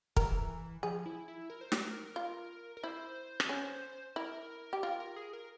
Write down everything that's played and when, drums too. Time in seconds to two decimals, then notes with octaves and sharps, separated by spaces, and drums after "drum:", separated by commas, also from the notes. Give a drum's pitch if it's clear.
0.16 E3 A#4, drum: kick
0.83 F3 G#4
1.06 E4
1.28 E4
1.50 A#4
1.61 C5
1.72 A#4, drum: snare
2.16 F4
2.77 A#4
2.83 E4 C5
3.40 drum: rim click
3.49 C#4
4.16 E4 A#4
4.73 G4
4.83 F4 A#4
5.00 A#4
5.16 G#4
5.33 A#4